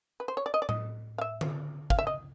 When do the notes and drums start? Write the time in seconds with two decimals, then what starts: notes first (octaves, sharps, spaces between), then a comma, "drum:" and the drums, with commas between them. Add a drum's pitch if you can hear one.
0.20 B4
0.28 C5
0.37 C#5
0.46 D5
0.54 D#5
0.62 D5
0.69 D#5, drum: tom A2
1.18 F5
1.21 E5
1.41 drum: tom D3
1.90 F5, drum: kick
1.99 E5
2.07 D#5